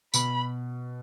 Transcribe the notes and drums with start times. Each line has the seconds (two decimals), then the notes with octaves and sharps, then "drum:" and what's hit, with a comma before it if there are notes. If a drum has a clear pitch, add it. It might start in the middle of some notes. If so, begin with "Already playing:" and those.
0.14 B2 B5, drum: tambourine